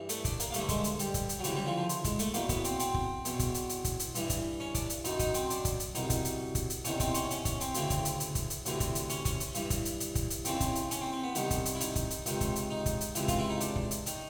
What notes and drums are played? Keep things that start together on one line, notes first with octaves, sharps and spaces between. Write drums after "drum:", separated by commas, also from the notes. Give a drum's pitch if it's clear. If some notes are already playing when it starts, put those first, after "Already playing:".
Already playing: G2 E3
A3, drum: hi-hat
D4, drum: kick, hi-hat
A#3, drum: hi-hat
A#3
G2 D3 A3, drum: hi-hat
G#3, drum: kick, hi-hat
drum: hi-hat
G3, drum: hi-hat
drum: kick, hi-hat
drum: hi-hat
F#3
D2 C#3 E3 G3, drum: hi-hat
G3
F3
F3
drum: hi-hat
G#3, drum: kick, hi-hat
A3, drum: hi-hat
E2 B2 A#3, drum: hi-hat
B3, drum: kick, hi-hat
C4, drum: hi-hat
C4, drum: hi-hat
drum: kick
E2 B2, drum: hi-hat
drum: kick, hi-hat
drum: hi-hat
drum: hi-hat
drum: kick, hi-hat
drum: hi-hat
G2 E3, drum: hi-hat
drum: kick, hi-hat
C#4
D4, drum: kick, hi-hat
drum: hi-hat
F#2 D#3 D#4, drum: hi-hat
D#4, drum: kick, hi-hat
C4, drum: hi-hat
D4, drum: hi-hat
drum: kick, hi-hat
drum: hi-hat
C2 B2 D#4, drum: hi-hat
drum: kick, hi-hat
drum: hi-hat
drum: kick, hi-hat
drum: hi-hat
E2 C3 D#3 C#4, drum: hi-hat
C4, drum: kick, hi-hat
C#4, drum: hi-hat
C#4, drum: hi-hat
C#4, drum: kick, hi-hat
C4, drum: hi-hat
D2 C#3 E3 C4, drum: hi-hat
drum: kick, hi-hat
drum: hi-hat
drum: hi-hat
drum: kick, hi-hat
drum: hi-hat
D2 C3 E3, drum: hi-hat
drum: kick, hi-hat
drum: hi-hat
C#4, drum: hi-hat
C#4, drum: kick, hi-hat
drum: hi-hat
G2 E3, drum: hi-hat
drum: kick, hi-hat
drum: hi-hat
drum: hi-hat
drum: kick, hi-hat
drum: hi-hat
D#2 C#3 E3 C4, drum: hi-hat
drum: kick, hi-hat
drum: hi-hat
C#4, drum: hi-hat
C4
C4
B3
C2 C3 D#3, drum: hi-hat
drum: kick, hi-hat
drum: hi-hat
E4
D#4, drum: hi-hat
drum: kick, hi-hat
drum: hi-hat
C#2 C3 D#3, drum: hi-hat
drum: kick, hi-hat
drum: hi-hat
D#4
drum: kick, hi-hat
drum: hi-hat
C#2 C3 E3, drum: hi-hat
F4, drum: kick, hi-hat
E4
D#4
D4, drum: hi-hat
drum: kick
drum: hi-hat
D#3, drum: hi-hat